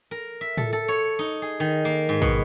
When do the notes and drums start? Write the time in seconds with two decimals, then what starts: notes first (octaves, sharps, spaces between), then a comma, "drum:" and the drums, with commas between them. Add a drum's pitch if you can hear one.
0.11 A#4
0.41 E5
0.57 A4, drum: tom A2
0.73 A4
0.88 C#5
1.19 D#4
1.42 G#4
1.60 D#3
1.85 A#3
2.09 G#2
2.22 B2, drum: kick